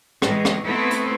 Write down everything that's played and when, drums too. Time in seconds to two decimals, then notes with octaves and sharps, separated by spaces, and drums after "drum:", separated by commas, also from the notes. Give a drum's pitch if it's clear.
0.22 A2 E3 G#3, drum: rim click
0.45 drum: rim click
0.64 A3 B3 C4 E4 A4
0.91 drum: hi-hat